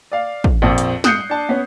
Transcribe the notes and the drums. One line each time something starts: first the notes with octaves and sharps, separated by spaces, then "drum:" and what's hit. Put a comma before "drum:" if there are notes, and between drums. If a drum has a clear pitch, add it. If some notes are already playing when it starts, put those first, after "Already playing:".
D5 F5
drum: kick
A#1 F2 C4
drum: hi-hat
D#6 F#6 G6 C7 C#7, drum: snare G3
D4 A5
B3 C#4